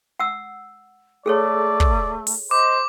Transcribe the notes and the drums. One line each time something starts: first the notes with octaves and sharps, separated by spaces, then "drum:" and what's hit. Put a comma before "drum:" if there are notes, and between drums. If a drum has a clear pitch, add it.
F#5 E6
A3 G#4 A4 C#5 D5
drum: kick
drum: open hi-hat
C5 D#5 D6